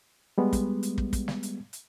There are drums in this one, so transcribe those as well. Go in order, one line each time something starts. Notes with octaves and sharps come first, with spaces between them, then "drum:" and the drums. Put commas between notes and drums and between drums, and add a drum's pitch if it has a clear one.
G3 G#3 B3
drum: kick, hi-hat
drum: hi-hat
drum: kick
drum: kick, hi-hat
drum: snare
drum: hi-hat
drum: hi-hat